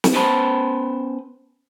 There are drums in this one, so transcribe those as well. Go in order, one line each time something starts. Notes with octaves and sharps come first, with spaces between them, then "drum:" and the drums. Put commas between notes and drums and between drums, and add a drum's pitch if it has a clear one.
drum: snare
B3 C#4 B4 C5 A5 B5